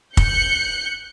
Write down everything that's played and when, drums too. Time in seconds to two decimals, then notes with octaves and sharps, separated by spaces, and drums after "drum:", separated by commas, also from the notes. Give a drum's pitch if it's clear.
0.17 F#6 G6 C#7, drum: kick